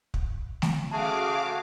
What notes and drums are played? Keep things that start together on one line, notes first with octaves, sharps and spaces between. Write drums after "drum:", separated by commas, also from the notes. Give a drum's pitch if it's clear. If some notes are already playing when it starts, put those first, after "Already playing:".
drum: kick
drum: snare A3
C#3 A3 F#4 G#4 F5 A5 D6